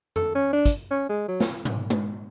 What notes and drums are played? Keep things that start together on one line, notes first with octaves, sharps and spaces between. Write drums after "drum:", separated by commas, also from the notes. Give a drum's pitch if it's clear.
A4, drum: tom F2
C#4
D4
drum: kick, hi-hat
C#4
G#3
F#3
drum: snare
drum: tom G#2
drum: tom G#3